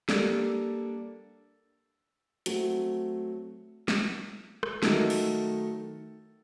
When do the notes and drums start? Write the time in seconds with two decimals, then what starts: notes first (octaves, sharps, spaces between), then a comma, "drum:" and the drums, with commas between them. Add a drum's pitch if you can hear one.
0.09 G3 A#3 D4 A4, drum: snare
2.46 F#3 A3 C4 F#4, drum: hi-hat
3.88 drum: snare
4.63 drum: rim click
4.83 D#3 F#3 A3 D#4 A4, drum: snare
5.10 drum: open hi-hat